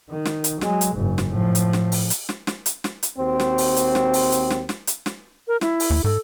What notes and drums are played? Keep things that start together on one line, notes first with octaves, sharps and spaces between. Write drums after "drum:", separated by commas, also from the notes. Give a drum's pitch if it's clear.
D#3
drum: snare
drum: hi-hat
F#3 G#3, drum: snare
drum: hi-hat
F#1 G#2
drum: snare
A2 F3
drum: hi-hat
drum: snare
drum: open hi-hat
drum: hi-hat
drum: snare
drum: snare
drum: hi-hat
drum: snare
drum: hi-hat
D#2 C4 F#4 C5
drum: snare
drum: open hi-hat
drum: hi-hat
drum: snare
drum: open hi-hat
drum: hi-hat
drum: snare
drum: snare
drum: hi-hat
drum: snare
A#4
E4, drum: snare
drum: open hi-hat
D#2
G#2 A4